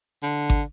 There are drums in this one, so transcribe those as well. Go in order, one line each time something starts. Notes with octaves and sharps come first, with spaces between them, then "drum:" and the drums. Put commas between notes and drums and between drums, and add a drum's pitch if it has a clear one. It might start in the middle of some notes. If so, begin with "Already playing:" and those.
D3
drum: kick